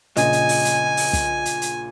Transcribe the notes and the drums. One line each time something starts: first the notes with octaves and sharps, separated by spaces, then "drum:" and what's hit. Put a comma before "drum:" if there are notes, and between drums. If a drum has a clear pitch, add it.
A#1 A#2 C#3 D#5 G#5, drum: hi-hat
drum: hi-hat
drum: open hi-hat
drum: hi-hat
drum: open hi-hat
drum: kick, hi-hat
drum: hi-hat
drum: hi-hat